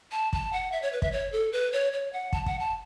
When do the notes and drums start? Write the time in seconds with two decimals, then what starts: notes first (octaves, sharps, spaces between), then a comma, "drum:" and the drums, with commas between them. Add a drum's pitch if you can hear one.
0.12 A5
0.33 A5, drum: kick
0.53 F#5
0.72 E5
0.82 C#5
0.93 B4
1.02 E5, drum: kick
1.12 C#5
1.32 A4
1.53 B4
1.73 C#5
1.93 C#5
2.13 F#5
2.33 A5, drum: kick
2.46 F#5, drum: kick
2.60 A5